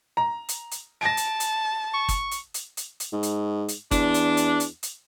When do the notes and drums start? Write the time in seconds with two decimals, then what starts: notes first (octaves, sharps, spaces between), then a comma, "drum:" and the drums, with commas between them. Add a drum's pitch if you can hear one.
0.17 A#5
0.49 drum: hi-hat
0.71 drum: hi-hat
1.01 A5 A#6 D7
1.17 drum: hi-hat
1.40 drum: hi-hat
1.94 C#6
2.09 drum: kick, hi-hat
2.31 drum: hi-hat
2.54 drum: hi-hat
2.77 drum: hi-hat
3.00 drum: hi-hat
3.12 G#2
3.23 drum: hi-hat
3.68 drum: hi-hat
3.91 E2 D4, drum: kick, hi-hat
4.14 drum: hi-hat
4.37 drum: hi-hat
4.60 drum: hi-hat
4.83 drum: hi-hat